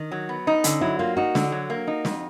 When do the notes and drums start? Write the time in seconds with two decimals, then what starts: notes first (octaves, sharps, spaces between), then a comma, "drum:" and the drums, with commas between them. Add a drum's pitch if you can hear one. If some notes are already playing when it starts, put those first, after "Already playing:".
Already playing: D#3
0.12 F#3
0.29 B3
0.47 D#4
0.64 D3 C#4, drum: hi-hat
0.81 F#3 E4
0.99 A#3 F4
1.17 D#4 F#4
1.35 D3, drum: snare
1.52 F#3
1.70 A#3
1.87 D#4
2.05 F2, drum: snare